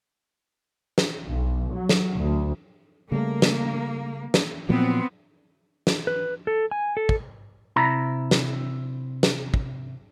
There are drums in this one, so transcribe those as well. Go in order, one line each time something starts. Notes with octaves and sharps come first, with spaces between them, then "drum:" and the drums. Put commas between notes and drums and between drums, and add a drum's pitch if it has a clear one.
drum: snare
B1
F#3
drum: snare
D2
C#3 G3 A3 A#3
drum: snare
drum: snare
A#2 F3 F#3 B3 C4
drum: snare
B4
A4
G#5
A4
drum: kick
C3 E4 A#5 B5
drum: snare
drum: snare
drum: kick